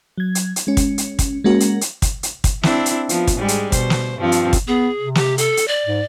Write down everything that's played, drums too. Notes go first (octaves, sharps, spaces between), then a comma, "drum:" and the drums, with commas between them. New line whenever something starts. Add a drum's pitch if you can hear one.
F#3 G#6
drum: hi-hat
drum: hi-hat
G#3 C#4
drum: kick, hi-hat
drum: hi-hat
drum: kick, hi-hat
G#3 A#3 C#4 F#4 A#4
drum: hi-hat
drum: hi-hat
drum: kick, hi-hat
drum: hi-hat
drum: kick, hi-hat
C4 D4 E4, drum: snare
drum: hi-hat
F3 B3, drum: hi-hat
drum: kick, hi-hat
G#2 G3 G#3
drum: hi-hat
B2 C5, drum: kick, hi-hat
drum: snare
G2 F3 C4
drum: hi-hat
drum: kick, hi-hat
B3 G#4
C3
G4, drum: snare
A4, drum: hi-hat
drum: hi-hat
D5
G#2